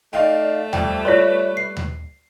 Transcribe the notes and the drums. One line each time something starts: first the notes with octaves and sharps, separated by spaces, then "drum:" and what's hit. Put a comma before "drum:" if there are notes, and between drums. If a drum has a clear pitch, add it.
A3 D#4 D5 F5 G5
F2 G3 G5, drum: tom D#2
F4 B4 C#5 D5 C#6 B6
C7
drum: tom D#2